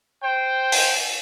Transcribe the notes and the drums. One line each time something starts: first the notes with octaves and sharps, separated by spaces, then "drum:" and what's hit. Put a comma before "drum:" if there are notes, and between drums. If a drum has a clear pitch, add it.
C5 G5
drum: open hi-hat